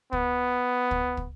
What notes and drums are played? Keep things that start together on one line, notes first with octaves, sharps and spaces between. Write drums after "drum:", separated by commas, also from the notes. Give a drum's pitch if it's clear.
B3, drum: kick
drum: kick
drum: kick